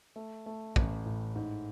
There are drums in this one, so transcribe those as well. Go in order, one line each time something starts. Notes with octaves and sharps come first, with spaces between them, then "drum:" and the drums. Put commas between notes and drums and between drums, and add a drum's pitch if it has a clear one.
A3
A3
A1, drum: kick
A2
G#2